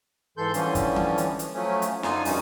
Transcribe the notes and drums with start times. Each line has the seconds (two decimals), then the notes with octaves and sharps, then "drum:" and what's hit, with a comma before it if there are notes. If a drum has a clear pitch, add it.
0.37 G#2 E3 A4 C6 G6
0.54 D3 E3 F3 G3 C#4, drum: hi-hat
0.75 drum: kick, hi-hat
0.96 drum: tom
1.18 drum: hi-hat
1.39 drum: hi-hat
1.54 F3 F#3 A3 C#4
1.82 drum: hi-hat
2.03 F#2 D3 D#4 F4 G#5, drum: snare
2.25 F2 B2 G3 C#4 D#4, drum: open hi-hat